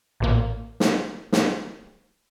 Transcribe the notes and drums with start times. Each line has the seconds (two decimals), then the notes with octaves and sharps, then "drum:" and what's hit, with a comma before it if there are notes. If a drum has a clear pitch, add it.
0.20 A1 A#2 A#3
0.80 drum: snare
1.32 drum: snare